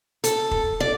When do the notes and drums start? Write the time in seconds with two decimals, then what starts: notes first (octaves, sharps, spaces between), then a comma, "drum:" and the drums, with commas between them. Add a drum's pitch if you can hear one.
0.24 A4, drum: hi-hat
0.51 drum: kick
0.80 D5